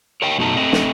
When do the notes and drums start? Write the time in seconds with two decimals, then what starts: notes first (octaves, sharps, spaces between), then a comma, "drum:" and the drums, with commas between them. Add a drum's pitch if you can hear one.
0.22 A#4 C#5 D#5 G5
0.38 F#2 B2 A3 D#4 A5
0.57 A3 C4 D#5
0.72 drum: snare